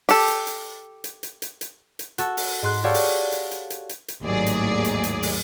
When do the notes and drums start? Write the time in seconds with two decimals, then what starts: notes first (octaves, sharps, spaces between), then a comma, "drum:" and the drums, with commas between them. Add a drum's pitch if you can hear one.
0.09 G4 A4, drum: open hi-hat
0.28 drum: hi-hat
0.47 drum: hi-hat
1.04 drum: hi-hat
1.23 drum: hi-hat
1.42 drum: hi-hat
1.61 drum: hi-hat
1.99 drum: hi-hat
2.18 F#4 A4, drum: hi-hat
2.37 drum: open hi-hat
2.62 G#2 C6 F#6
2.84 F#4 G4 A4 C#5 D5 F5
2.94 drum: open hi-hat
3.32 drum: hi-hat
3.51 drum: hi-hat
3.70 drum: hi-hat
3.89 drum: hi-hat
4.08 drum: hi-hat
4.22 G#1 D#2 A2 F#3 G#4 D5
4.46 drum: hi-hat
4.85 drum: hi-hat
5.04 drum: hi-hat
5.23 drum: open hi-hat